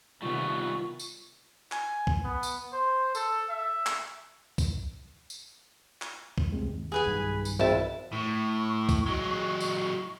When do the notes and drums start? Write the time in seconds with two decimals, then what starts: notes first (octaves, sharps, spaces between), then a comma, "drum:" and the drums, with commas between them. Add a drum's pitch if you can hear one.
0.22 C3 D#3 G3 A3 B3 F4 C#6
0.99 drum: tambourine
1.72 G#5, drum: clap
2.07 drum: kick
2.24 B3
2.43 drum: tambourine
2.73 C5
3.15 A4, drum: tambourine
3.49 E5
3.86 drum: clap
4.58 drum: kick, tambourine
5.30 drum: tambourine
6.02 drum: clap
6.38 drum: kick
6.52 G2 C3 G#3
6.70 D#2
6.92 G#4 B4 G#5
7.06 B1 G2 D#3
7.45 drum: tambourine
7.59 G#1 F2 E4 A5
8.13 A2 C#6
8.89 drum: kick, tambourine
9.06 F#3 G#3
9.60 drum: tambourine